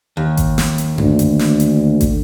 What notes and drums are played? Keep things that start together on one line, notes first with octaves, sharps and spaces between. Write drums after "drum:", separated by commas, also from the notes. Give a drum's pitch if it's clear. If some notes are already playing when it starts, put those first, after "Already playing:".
D#2
drum: kick G#1, hi-hat
drum: snare
drum: hi-hat
D2, drum: tom F#2
drum: hi-hat
drum: snare
drum: hi-hat
drum: kick G#1, hi-hat